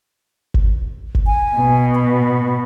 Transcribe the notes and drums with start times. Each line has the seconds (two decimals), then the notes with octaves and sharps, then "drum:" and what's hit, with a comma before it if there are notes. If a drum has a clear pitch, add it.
0.54 drum: kick G1
1.15 drum: kick G1
1.27 G#5
1.56 B2
1.95 B5